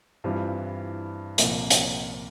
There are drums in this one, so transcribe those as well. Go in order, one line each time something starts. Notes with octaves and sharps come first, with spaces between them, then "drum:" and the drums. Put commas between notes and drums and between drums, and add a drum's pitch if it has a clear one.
G2 E3 G3 C4 F4
C2 A#2 F3 A#3, drum: hi-hat
drum: hi-hat